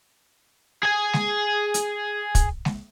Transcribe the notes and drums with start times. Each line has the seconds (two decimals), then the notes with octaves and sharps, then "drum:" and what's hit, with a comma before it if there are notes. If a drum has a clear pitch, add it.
0.83 G#4 G#5
1.13 drum: snare G#3
1.74 drum: hi-hat
2.35 drum: kick, hi-hat
2.65 drum: snare G#3